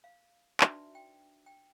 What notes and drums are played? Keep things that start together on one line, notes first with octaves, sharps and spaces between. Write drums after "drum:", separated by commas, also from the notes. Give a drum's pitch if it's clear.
F5
D4 D#4 F#4 B4 D5 E5, drum: clap
G5
G5